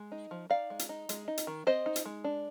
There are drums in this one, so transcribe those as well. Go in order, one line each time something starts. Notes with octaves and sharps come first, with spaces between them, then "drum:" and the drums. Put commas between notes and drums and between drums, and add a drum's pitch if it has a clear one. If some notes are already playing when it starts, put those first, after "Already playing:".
Already playing: G#3
D#4
F3
D#4 D5 F5
G#3
drum: hi-hat
D#4
G#3, drum: hi-hat
D#4
drum: hi-hat
D#3
C4 C5 D#5
D#4
drum: hi-hat
G#3
D4